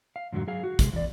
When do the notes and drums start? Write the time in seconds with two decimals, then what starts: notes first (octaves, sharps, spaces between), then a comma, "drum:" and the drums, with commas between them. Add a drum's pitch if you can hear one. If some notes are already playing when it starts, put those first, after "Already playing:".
0.16 F5
0.32 F2 G#2 D3 F3 F#3
0.47 F#3 G#4 F5
0.63 F#4
0.79 C3 G#3 G#4, drum: kick, hi-hat
0.93 E2 D5